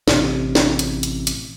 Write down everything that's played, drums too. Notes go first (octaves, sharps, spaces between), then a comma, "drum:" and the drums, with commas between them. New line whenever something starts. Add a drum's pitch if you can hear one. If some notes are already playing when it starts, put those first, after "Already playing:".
A1 C3, drum: snare
drum: snare
drum: hi-hat
drum: hi-hat
drum: hi-hat